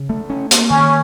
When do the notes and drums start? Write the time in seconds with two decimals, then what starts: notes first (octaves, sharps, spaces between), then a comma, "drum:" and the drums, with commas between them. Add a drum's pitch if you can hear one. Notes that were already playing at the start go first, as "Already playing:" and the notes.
Already playing: C#3
0.09 A3
0.30 C#4
0.51 A#3, drum: hi-hat
0.70 D#3 C#4